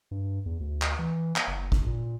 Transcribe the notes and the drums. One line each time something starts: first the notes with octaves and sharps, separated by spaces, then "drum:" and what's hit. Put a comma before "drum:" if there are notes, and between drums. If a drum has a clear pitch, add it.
G2
E2
D2
drum: clap
E3
drum: clap
F#1
drum: kick
A#2